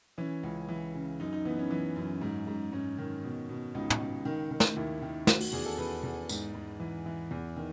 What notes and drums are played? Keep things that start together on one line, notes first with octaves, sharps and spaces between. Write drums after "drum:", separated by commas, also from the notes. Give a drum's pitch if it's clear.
E3 C#4
C#2
E3
C#3
F#2 D#4
D#4
E3 B3
C#4
E3
F#2
G#2
G#2
G#2 C#4
D#3
B2
B2
C#2 D#4
drum: tom
C#2
D#3
D#3
drum: snare
D#2 E4
D#3
D#3 F#4, drum: snare
F#4, drum: open hi-hat
E2 G#4
A4
E2 B4
E2
G#2, drum: tambourine
G#2
E3
E3
E2
D#3